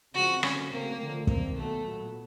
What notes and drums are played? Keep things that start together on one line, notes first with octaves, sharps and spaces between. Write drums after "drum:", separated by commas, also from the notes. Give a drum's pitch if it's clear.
C#3 F3 G#3 C4 F#4
D3 F#3 A#3 C#4, drum: rim click
C#3 F#3 A3 A#3 C4
D3 F3 A3
C3 D#3 G3 A#3 C4, drum: kick
B2 F#3 A3 B3
A#2 F#3 B3